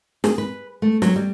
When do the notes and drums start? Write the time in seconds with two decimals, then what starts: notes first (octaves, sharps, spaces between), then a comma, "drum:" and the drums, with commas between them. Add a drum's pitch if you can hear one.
0.24 G#4, drum: snare
0.38 B4
0.82 A3
1.02 F#3, drum: snare
1.16 G3